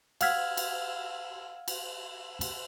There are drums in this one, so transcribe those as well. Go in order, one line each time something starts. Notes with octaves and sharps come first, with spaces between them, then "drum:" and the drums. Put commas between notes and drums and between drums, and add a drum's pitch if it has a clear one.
F5 F#5 E6 F6 G#6 B6, drum: cymbal
drum: cymbal
drum: cymbal
drum: cymbal